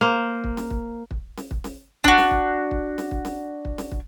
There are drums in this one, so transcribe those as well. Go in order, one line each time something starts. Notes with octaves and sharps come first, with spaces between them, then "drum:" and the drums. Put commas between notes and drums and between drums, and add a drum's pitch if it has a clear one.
A#3 C5
drum: kick
drum: snare C#4
drum: kick
drum: kick
drum: snare C#4
drum: kick
drum: snare C#4
D4 F#4, drum: kick
drum: snare C#4
drum: kick
drum: kick
drum: snare C#4
drum: kick
drum: snare C#4
drum: kick
drum: snare C#4
drum: kick